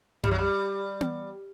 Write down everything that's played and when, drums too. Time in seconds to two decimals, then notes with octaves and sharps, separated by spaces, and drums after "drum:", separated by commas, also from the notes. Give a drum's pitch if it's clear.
0.23 G3, drum: tom F#2
0.31 F#3
0.38 G3
1.01 drum: tom B3